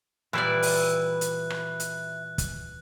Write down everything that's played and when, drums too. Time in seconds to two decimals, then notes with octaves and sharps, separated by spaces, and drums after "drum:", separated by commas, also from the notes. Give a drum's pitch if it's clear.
0.33 A#2 E3 G3 E4 D5 F#6
0.63 drum: open hi-hat
1.21 drum: hi-hat
1.50 drum: rim click
1.80 drum: hi-hat
2.38 drum: kick, hi-hat